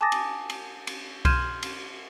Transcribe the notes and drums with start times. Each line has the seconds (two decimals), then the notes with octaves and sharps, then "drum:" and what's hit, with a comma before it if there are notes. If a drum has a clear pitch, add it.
0.01 G#5 A5 D6 D#6 A6 A#6
0.12 drum: cymbal
0.50 drum: cymbal
0.87 drum: cymbal
1.25 C6 F6 G6 G#6 D#7 E7, drum: kick C2, cymbal
1.63 drum: cymbal